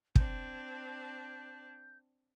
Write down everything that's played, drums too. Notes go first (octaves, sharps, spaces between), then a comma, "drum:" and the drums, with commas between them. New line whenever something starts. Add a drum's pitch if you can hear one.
C4 D4 G6, drum: kick